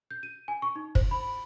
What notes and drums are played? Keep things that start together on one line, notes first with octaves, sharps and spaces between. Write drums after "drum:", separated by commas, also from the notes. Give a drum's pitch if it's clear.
G6
D#7
G#5
C#6
D#4
C5, drum: kick
B5